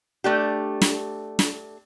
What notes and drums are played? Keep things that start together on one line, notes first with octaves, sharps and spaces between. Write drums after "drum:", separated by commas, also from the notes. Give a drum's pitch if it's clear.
A3 D4 G4
drum: snare
drum: snare